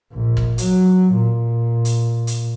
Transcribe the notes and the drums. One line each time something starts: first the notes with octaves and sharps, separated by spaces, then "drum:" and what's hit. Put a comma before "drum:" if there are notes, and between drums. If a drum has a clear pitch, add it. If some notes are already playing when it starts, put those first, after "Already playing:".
A#1
drum: kick
F#3, drum: hi-hat
A#2
drum: hi-hat
drum: hi-hat